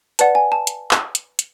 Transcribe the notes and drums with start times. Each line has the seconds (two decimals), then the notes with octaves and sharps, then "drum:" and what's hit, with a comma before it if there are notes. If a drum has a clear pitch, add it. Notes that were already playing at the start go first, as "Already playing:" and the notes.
0.19 B4 D5 F#5 A5, drum: hi-hat
0.35 G#5
0.52 A5
0.67 drum: hi-hat
0.91 drum: clap
1.15 drum: hi-hat
1.39 drum: hi-hat